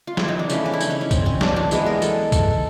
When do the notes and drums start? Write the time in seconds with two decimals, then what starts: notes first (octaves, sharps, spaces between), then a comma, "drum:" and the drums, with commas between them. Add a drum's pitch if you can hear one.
0.07 F4
0.17 E4, drum: snare
0.28 D#4
0.39 D4
0.50 C#3 E3 A3 C#4, drum: tambourine
0.66 D4
0.73 E4
0.81 D#4, drum: tambourine
0.90 C#4
1.01 C#4
1.11 C4, drum: kick C2, tambourine
1.26 C#4
1.41 D4, drum: snare
1.56 D4
1.71 E3 G#3 B3 G#4, drum: tambourine
1.86 A#4
2.02 A4, drum: tambourine
2.32 A4, drum: kick C2, tambourine